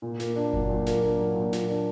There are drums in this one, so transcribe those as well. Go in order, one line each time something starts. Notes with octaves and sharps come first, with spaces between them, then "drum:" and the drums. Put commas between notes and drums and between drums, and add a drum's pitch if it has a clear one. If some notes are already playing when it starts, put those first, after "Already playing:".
A#2
A#3, drum: snare
D4
F#3, drum: kick F#1
A#2
A#3, drum: snare
D4
F#3
A#2
A#3, drum: snare
D4